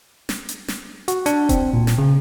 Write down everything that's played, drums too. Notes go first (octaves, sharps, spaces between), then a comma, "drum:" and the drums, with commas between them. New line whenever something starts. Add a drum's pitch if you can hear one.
drum: snare
drum: hi-hat
drum: snare
F#4, drum: hi-hat
D4, drum: hi-hat
C4, drum: kick D#1, hi-hat
A#2
drum: snare
C#3